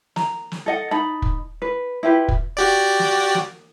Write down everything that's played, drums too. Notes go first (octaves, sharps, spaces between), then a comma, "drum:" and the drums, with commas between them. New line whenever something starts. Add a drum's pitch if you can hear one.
A#5, drum: snare
drum: snare
A4 D#5 F#5
D#4 A5 B5
drum: kick
B4
E4 F4 G4 B4
drum: kick
F#4 G4 D5
drum: snare
drum: snare